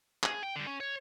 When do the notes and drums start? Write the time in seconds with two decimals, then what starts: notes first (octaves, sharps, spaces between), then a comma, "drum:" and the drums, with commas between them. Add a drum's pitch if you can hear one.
0.23 G#4, drum: clap
0.43 G5
0.56 D3 G3
0.67 C#4
0.80 C#5